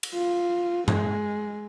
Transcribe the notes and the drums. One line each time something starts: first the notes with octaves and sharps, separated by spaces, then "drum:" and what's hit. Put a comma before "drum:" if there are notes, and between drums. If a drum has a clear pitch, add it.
drum: cymbal
F4
G#3, drum: tom G2